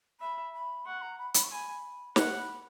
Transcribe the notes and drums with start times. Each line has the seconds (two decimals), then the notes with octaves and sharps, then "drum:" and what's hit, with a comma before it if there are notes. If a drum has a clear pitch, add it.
0.20 E5 B5
0.54 B5
0.86 F#5 C#6
1.02 A#5
1.19 B5
1.34 B5, drum: hi-hat
1.44 C#6
1.52 G#5 B5
2.16 F#5 C#6, drum: snare
2.38 B5